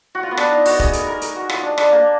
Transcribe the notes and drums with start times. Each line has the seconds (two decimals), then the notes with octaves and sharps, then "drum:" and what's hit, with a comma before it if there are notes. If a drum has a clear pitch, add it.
0.15 F#4
0.23 F4
0.31 B3
0.37 D4, drum: rim click
0.51 D#4
0.66 F#4, drum: open hi-hat
0.79 G#4, drum: kick
0.93 A#4, drum: hi-hat
1.07 A#4
1.21 A#4, drum: hi-hat
1.36 F#4
1.49 F4, drum: rim click
1.63 D4
1.78 D4, drum: rim click
1.91 A#3